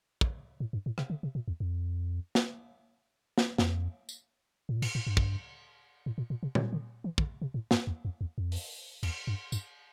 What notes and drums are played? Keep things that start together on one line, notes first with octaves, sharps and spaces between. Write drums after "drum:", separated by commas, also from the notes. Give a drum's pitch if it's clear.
drum: kick
A2
G2
A2
C3, drum: rim click
D3
C3
A#2
E2
F2
drum: snare
drum: snare
F2, drum: snare
drum: tambourine
A2
A#2
A2, drum: cymbal
A2
G2
drum: kick
A2
A#2
A#2
C3
D3, drum: tom A#2
D3
E3
D3, drum: kick
C3
A2
G2, drum: snare
E2
F2
E2
F2
drum: open hi-hat
E2, drum: cymbal
G2
G2, drum: tambourine